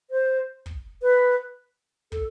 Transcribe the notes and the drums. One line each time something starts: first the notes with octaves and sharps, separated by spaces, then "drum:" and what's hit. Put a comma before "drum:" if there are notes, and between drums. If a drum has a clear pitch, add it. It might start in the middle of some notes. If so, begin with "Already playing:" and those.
C5
drum: kick
B4
A4, drum: kick